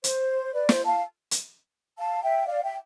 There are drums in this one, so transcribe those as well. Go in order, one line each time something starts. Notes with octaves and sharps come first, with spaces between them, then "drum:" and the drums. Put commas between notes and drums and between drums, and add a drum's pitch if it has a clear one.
C5, drum: hi-hat
B4 D5
C5, drum: snare
F5 A5
drum: hi-hat
F5 A5
E5 G5
D5 F5
E5 G5